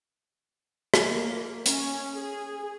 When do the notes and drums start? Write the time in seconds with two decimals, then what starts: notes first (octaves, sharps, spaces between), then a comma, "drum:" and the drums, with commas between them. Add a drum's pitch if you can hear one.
0.94 drum: rim click
1.08 A#3
1.66 C#4, drum: hi-hat
2.16 G#4